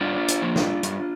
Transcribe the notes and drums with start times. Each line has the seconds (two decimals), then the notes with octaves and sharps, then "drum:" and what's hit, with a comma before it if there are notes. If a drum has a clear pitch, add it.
0.01 G2 D4 F4
0.28 drum: hi-hat
0.42 D3 F3 A#3
0.56 drum: snare
0.83 G2, drum: hi-hat